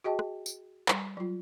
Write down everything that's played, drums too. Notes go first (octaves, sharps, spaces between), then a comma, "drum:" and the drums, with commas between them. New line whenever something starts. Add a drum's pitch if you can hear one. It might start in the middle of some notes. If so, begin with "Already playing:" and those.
F#4 G#4 D#5 G5 A5
drum: rim click
drum: tambourine
G3, drum: clap
F#3 F4